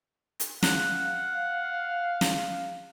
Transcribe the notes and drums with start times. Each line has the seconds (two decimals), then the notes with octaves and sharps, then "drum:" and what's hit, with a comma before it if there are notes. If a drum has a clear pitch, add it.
0.40 drum: hi-hat
0.63 F5 F#5, drum: snare
2.21 drum: snare